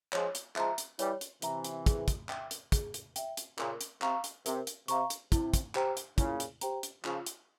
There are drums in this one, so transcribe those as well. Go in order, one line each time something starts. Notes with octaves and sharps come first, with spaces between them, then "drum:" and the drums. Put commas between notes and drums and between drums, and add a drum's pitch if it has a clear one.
F3 G#3 C#5, drum: clap
drum: hi-hat
F3 G#3 E5 A#5, drum: clap
drum: hi-hat
E3 G3 C#5, drum: hi-hat
drum: hi-hat
C3 E3 E5 A#5, drum: hi-hat
drum: hi-hat
G#4, drum: kick, hi-hat
drum: kick, hi-hat
E5 G5, drum: clap
drum: hi-hat
G#4, drum: kick, hi-hat
drum: hi-hat
E5 G5, drum: hi-hat
drum: hi-hat
A#2 C#3 A#4, drum: clap
drum: hi-hat
C3 F5 A#5 C#6, drum: clap
drum: hi-hat
C3 A#4, drum: hi-hat
drum: hi-hat
C3 F5 A#5 C#6, drum: hi-hat
drum: hi-hat
C3 E4, drum: kick, hi-hat
drum: kick, hi-hat
G4 C5 G5 A#5, drum: clap
drum: hi-hat
A#2 C#3 E4, drum: kick, hi-hat
drum: hi-hat
G4 C5 G5 A#5, drum: hi-hat
drum: hi-hat
C#3 F3 F4, drum: clap
drum: hi-hat